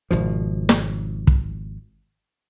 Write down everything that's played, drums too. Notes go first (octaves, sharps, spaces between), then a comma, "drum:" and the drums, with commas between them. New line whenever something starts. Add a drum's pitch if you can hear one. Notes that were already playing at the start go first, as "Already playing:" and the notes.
G#1 B2 F3
drum: snare
drum: kick